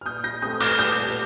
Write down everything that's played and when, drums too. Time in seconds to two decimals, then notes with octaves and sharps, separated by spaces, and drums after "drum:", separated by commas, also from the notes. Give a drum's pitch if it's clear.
0.01 F6
0.06 A#2 D#6 G6
0.24 G6 A#6
0.42 A3 C4 D#6 G6
0.60 D6 F6, drum: cymbal
0.79 A#2 D#6 G6